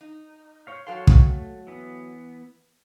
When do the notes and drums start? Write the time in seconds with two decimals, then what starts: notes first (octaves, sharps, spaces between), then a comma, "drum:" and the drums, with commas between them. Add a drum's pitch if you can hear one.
0.01 D#4
0.67 C5 C#5 F5
0.87 F#3 A4 C#5 F5 G5 C6
1.07 drum: kick
1.26 A3
1.67 E3 B3